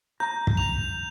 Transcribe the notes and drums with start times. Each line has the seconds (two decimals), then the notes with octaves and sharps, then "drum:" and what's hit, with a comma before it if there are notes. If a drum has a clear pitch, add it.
0.20 A#5 G6
0.47 drum: kick
0.57 F7